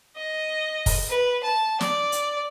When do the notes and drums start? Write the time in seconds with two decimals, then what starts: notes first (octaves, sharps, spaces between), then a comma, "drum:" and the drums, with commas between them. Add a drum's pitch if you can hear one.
0.16 D#5
0.86 drum: kick, open hi-hat
1.09 B4
1.44 A5
1.81 D5, drum: snare
2.12 drum: hi-hat